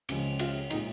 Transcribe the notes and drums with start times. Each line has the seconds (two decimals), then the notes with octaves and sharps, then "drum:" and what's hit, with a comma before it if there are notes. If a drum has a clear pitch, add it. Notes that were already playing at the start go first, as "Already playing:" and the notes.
0.09 C#2 C#3 F3 G#3, drum: cymbal
0.39 F4, drum: cymbal
0.70 A#2 G#3 D#4, drum: cymbal